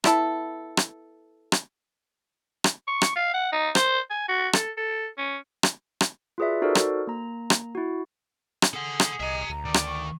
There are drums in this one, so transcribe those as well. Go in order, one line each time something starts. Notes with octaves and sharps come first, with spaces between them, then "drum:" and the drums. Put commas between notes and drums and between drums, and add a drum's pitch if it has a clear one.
B3 E4 A4, drum: rim click
drum: rim click
drum: rim click
drum: rim click
C#6
drum: rim click
F5
F#5
D#4
C5, drum: rim click
G#5
F#4
A4, drum: rim click
A4
C#4
drum: rim click
drum: rim click
F4 F#4 G#4 B4 D5 E5
D#4 F#4 A4 A#4 C5 D5
drum: rim click
A#3 A#5
drum: rim click
E4 F#4
drum: rim click
G#4 A4 F#5
drum: rim click
C2 D#5 E5 A#5
D2 A#5
D#3 D5
drum: rim click
C#6